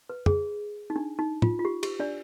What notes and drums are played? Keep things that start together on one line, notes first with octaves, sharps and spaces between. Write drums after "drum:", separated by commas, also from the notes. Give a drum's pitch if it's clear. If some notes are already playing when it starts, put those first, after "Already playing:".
B4
G#4, drum: tom
D#4
D4
D#4
F4, drum: tom
F4
G4
G4, drum: cymbal
D4 D5